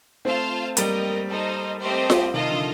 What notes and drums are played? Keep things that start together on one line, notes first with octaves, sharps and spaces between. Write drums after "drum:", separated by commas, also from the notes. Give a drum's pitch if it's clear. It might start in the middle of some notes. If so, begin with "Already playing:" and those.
A3 C4 F4 C5 F5 A5
G3 A#3 D#4 A#4 D#5 G5, drum: hi-hat
D#4 A4 C5 D#5
A3 C4 G4 C5 D#5
drum: snare F4
C3 D#3 F4 A4 D#5
D3 F3